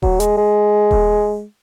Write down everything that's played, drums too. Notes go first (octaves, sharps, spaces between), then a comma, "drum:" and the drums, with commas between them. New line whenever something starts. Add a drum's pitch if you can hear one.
F#3, drum: kick D#1
G#3, drum: hi-hat
G#3
drum: kick D#1